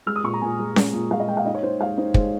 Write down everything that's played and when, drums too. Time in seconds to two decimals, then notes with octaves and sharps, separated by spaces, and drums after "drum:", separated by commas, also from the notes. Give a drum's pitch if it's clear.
0.06 G#3 F6
0.16 D#6
0.24 A#2 C#6
0.33 A#5
0.42 A#2 G#5
0.59 G#3
0.76 G#3, drum: snare C#4
0.93 A#2
1.11 G#3 F5
1.20 D#5
1.28 G#3 G5
1.37 F5
1.46 D#4 D#5
1.54 C#5
1.63 D#4 C5
1.80 G#3 F5
1.97 D#4 C5
2.14 G#3 C5, drum: kick